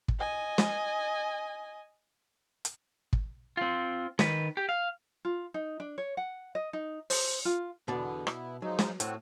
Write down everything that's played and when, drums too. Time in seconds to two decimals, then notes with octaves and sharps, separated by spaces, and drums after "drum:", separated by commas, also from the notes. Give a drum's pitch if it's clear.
0.08 drum: kick
0.19 D#5 G#5
0.58 drum: snare
2.65 drum: hi-hat
3.13 drum: kick
3.57 C4 F4
4.19 D#3 B4, drum: snare
4.57 G4
4.69 F5
5.25 F4
5.54 D#4
5.80 D4
5.98 C#5
6.17 F#5
6.55 D#5
6.73 D#4
7.10 C5, drum: open hi-hat
7.45 F4
7.88 E2 B2 D3 B3 D5
8.27 B3 E4, drum: rim click
8.62 F3 F#3 G#3 D#4
8.79 drum: snare
9.00 A2 C4 F#4, drum: hi-hat